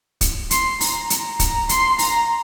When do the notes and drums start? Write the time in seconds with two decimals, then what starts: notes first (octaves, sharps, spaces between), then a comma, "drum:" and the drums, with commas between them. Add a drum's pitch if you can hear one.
0.21 drum: kick, hi-hat
0.51 C6, drum: hi-hat
0.81 A#5, drum: open hi-hat
1.10 A#5, drum: hi-hat
1.39 A#5, drum: kick, hi-hat
1.69 C6, drum: hi-hat
1.99 A#5, drum: open hi-hat